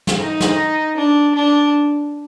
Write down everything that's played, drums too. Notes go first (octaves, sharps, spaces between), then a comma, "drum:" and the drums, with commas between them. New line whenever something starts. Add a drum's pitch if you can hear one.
drum: snare
D#4
drum: snare
D4
D4